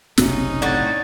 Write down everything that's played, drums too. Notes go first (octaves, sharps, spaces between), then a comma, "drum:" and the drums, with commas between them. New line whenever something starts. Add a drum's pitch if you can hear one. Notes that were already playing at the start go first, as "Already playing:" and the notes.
F#1 B1 C3 C#4 D#4, drum: snare
A2 A3 F#4 D5 A6